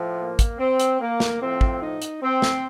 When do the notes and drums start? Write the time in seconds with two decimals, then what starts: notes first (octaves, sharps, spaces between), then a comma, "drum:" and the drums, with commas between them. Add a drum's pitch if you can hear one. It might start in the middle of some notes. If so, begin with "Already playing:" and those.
Already playing: A2 F3
0.18 A#3
0.39 drum: kick, hi-hat
0.59 C4
0.80 drum: hi-hat
1.00 A#3
1.20 drum: snare
1.41 A2 F3 C4
1.61 drum: kick
1.81 D#4
2.02 drum: hi-hat
2.22 C4
2.42 drum: snare